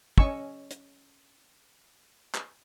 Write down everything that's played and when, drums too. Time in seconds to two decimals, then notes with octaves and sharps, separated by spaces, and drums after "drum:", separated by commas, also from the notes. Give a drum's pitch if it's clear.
0.18 C#4 D#5 G#5 C#6 E6, drum: kick
0.71 drum: hi-hat
2.34 drum: clap